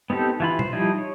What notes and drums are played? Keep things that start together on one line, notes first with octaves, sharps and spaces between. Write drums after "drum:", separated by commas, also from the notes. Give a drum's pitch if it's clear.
B3 C4 D#4 G4 A4
E3 F4 B5
C5, drum: tom B2
F3 G3 D#4 E4 D#5
C#5